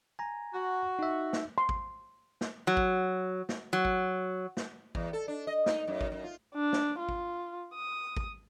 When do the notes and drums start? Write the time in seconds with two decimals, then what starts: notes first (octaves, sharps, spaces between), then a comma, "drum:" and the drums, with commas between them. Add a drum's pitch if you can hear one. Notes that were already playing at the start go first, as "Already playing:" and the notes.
0.19 G#5 A#5
0.53 F#4
0.99 D#4 E5
1.33 drum: snare
1.58 C6
1.69 drum: kick G#1
2.41 drum: snare
2.67 F#3
2.77 drum: kick G#1
3.49 drum: snare
3.73 F#3
3.85 drum: kick G#1
4.57 drum: snare
4.95 E2, drum: kick G#1
5.13 A4
5.28 D4
5.47 D#5
5.66 D#4, drum: snare
5.87 F#2
6.01 drum: kick G#1
6.12 F#2
6.24 F4
6.55 D4
6.73 drum: snare
6.99 F4
7.09 drum: kick G#1
7.74 D#6
8.17 drum: kick G#1